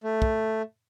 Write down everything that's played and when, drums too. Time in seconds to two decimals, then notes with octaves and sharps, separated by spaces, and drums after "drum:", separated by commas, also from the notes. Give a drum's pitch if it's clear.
0.03 A3
0.22 drum: kick